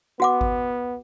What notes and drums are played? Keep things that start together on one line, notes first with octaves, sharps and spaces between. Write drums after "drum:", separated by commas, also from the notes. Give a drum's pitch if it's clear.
B3 F#4 F#5 D6
drum: kick G#1